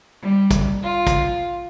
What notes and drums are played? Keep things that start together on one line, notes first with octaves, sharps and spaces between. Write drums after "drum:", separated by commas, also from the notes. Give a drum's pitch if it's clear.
G3
drum: kick, hi-hat
F4
drum: kick, hi-hat